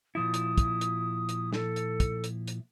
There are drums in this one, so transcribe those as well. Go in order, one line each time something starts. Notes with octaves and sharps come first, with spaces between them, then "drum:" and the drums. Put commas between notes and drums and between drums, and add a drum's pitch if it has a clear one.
A#2 F3 E4 D#6
drum: hi-hat
drum: kick, hi-hat
drum: hi-hat
drum: hi-hat
A4, drum: snare
drum: hi-hat
drum: kick, hi-hat
drum: hi-hat
drum: hi-hat